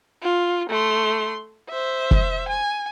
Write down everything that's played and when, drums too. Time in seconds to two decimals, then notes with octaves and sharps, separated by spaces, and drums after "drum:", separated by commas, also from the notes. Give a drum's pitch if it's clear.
0.23 F4
0.70 A3 C6
1.70 C5 E5
2.11 drum: kick
2.48 G#5